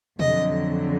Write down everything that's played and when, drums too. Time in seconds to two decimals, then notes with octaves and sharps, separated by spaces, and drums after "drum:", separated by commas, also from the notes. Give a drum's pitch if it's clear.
0.19 F2 D3 F#3 D#5, drum: tom B2